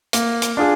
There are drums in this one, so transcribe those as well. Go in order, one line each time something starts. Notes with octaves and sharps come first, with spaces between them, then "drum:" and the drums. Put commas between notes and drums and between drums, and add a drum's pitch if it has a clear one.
A#3, drum: hi-hat
drum: hi-hat
D4 F4 G#4